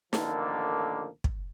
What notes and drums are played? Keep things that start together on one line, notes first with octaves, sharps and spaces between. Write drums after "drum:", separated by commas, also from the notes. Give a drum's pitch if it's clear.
A1 D3 D#3 F3 A#3 A4, drum: snare
drum: kick